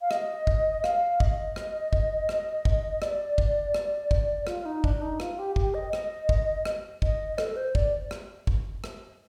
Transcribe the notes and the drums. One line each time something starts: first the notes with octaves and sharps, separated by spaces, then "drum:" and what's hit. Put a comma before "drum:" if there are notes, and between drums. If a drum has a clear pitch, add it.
F5
D#5, drum: rim click
drum: kick
F5, drum: rim click
D#5, drum: kick
drum: rim click
drum: kick
drum: rim click
drum: kick
D5, drum: rim click
drum: kick
drum: rim click
drum: kick
F4, drum: rim click
D#4
D4, drum: kick
D#4
F4, drum: rim click
G4
G4, drum: kick
D#5
D#5, drum: rim click
drum: kick
drum: rim click
D#5, drum: kick
A4, drum: rim click
C5
D5, drum: kick
drum: rim click
drum: kick
drum: rim click